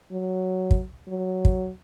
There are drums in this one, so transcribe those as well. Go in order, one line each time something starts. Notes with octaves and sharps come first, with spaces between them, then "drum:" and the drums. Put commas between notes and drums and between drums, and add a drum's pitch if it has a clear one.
F#3
drum: kick
F#3
drum: kick